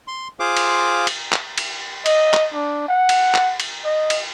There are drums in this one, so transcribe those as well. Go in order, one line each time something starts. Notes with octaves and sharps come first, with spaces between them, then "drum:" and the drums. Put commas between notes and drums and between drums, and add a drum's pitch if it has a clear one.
C6
F4 G#4 C5 F5 D6
drum: cymbal
drum: cymbal
drum: clap
drum: cymbal
D#5, drum: cymbal
drum: clap
D4
F#5
drum: cymbal
drum: clap
drum: cymbal
D#5
drum: cymbal